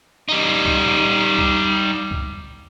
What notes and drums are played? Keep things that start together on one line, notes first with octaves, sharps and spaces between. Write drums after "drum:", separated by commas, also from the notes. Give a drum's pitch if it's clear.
G3 D#4
drum: kick C2
drum: kick C2
drum: kick C2